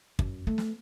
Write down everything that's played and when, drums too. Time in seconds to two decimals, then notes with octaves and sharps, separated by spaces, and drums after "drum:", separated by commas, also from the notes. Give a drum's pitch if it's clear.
0.19 F#2, drum: kick
0.47 A3
0.58 drum: snare